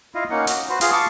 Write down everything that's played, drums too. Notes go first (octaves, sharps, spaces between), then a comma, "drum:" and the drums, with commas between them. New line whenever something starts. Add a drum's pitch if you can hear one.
E4 F4 D#5 F5
A#3 C#4 D#4 F#5
F#4, drum: hi-hat
F#4 B4 C5
F4 G#4 F5, drum: hi-hat
F5 A5 C#6 D6